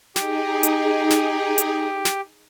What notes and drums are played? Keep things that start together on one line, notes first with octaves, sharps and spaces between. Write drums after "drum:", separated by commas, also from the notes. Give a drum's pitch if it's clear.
D#4 G4 G#4, drum: snare
drum: hi-hat
drum: snare
drum: hi-hat
drum: snare